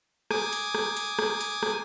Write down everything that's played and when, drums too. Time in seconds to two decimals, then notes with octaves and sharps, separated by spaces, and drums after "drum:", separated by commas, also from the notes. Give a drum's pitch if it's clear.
0.31 G#5 D6 D#6, drum: rim click
0.53 drum: hi-hat
0.75 drum: rim click
0.97 drum: hi-hat
1.19 drum: rim click
1.41 drum: hi-hat
1.63 drum: rim click